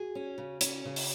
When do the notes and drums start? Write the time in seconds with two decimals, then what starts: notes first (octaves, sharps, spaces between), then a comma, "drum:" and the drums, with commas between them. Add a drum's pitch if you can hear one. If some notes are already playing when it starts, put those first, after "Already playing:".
Already playing: F#4 G#4
0.15 C#4
0.38 C#3
0.61 C#4, drum: hi-hat
0.85 C#3
0.96 drum: open hi-hat